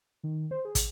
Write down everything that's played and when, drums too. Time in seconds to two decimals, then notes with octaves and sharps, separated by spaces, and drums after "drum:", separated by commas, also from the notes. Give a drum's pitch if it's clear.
0.23 D#3
0.51 C5
0.65 G#4
0.75 drum: kick, hi-hat